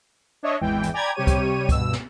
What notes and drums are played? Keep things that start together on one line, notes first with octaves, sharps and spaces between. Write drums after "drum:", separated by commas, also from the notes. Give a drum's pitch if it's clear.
D4 C#5 D#5 E5
G#1 E2 E3 G#3 G5
drum: hi-hat
D5 G5 G#5 A#5 B5 G#6
C3 G3 G4 C#5 D#7
drum: kick C#2, hi-hat
G2 B2 E6, drum: kick C#2, hi-hat
drum: snare